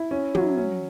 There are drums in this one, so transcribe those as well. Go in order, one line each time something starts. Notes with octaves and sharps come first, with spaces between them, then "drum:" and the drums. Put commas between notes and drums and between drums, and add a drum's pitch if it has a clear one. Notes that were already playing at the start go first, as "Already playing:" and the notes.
Already playing: E4
C#4
F#3, drum: tom
C#4